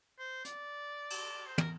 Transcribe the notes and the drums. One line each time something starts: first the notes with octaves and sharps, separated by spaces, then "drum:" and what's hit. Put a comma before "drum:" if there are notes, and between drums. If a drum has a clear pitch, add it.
C5
D5, drum: hi-hat
drum: cymbal
C5
A#4, drum: tom